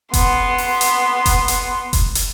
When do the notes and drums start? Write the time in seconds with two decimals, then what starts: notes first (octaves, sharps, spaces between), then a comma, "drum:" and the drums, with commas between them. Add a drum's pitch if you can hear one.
0.13 B3 C6, drum: kick F1, hi-hat
0.58 drum: open hi-hat
0.81 drum: hi-hat
1.26 drum: kick F1, hi-hat
1.48 drum: hi-hat
1.93 drum: kick F1, hi-hat
2.15 drum: hi-hat